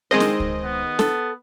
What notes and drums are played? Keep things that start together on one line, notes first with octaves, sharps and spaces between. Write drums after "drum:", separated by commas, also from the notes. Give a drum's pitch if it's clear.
D#3 G#3 C4 G#4 C5 D#5
drum: snare
drum: kick C#2
B3
A4, drum: snare